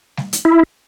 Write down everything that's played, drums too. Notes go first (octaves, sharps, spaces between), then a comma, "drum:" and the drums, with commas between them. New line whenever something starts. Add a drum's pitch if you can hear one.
drum: snare G3
drum: hi-hat
E4